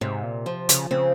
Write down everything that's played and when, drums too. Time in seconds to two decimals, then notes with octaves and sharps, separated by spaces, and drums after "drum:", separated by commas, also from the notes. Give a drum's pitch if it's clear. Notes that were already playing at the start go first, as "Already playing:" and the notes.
0.01 G#2 C3
0.23 A#2
0.46 F3
0.69 C#3, drum: hi-hat
0.91 C#3 C4